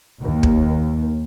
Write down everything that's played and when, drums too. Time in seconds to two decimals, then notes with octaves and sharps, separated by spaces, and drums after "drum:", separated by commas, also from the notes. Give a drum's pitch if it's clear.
0.20 D#2
0.43 drum: kick